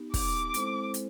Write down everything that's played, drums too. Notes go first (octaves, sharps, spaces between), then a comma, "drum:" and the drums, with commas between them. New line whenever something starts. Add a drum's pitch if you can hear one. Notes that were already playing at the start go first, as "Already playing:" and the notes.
Already playing: B3 D#4 G4
D6, drum: kick, open hi-hat
G#3 C4 E4 A4 C5, drum: hi-hat
drum: hi-hat